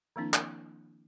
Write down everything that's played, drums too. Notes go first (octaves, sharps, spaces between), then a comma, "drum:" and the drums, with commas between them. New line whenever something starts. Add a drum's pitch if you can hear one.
D#3 F3 A#3 C4 D4 E4
drum: clap